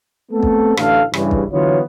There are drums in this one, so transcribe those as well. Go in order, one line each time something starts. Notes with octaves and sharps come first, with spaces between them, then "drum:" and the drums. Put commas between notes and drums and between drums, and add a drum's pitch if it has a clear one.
A3 B3 C4 A4
drum: kick
A1 A2 D3 A4 F5, drum: rim click
G2 C#3 E3, drum: rim click
drum: kick
D3 E3 F#3 B3 F4 C#5